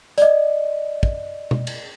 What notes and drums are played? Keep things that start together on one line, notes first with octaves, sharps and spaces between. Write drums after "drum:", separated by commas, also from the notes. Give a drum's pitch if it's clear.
D5 D#5, drum: hi-hat
drum: kick
drum: tom B2
drum: cymbal